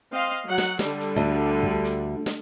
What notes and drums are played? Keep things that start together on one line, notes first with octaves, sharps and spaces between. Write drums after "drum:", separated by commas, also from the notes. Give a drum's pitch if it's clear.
C4 D#5 F5
F#3 F#5
drum: snare
D3 G3, drum: snare
drum: hi-hat
D2
drum: kick
drum: hi-hat
drum: snare